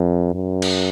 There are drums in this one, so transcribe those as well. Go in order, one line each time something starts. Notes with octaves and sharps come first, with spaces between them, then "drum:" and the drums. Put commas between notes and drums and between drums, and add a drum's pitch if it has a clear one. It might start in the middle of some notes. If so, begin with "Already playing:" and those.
Already playing: F2
F#2
drum: cymbal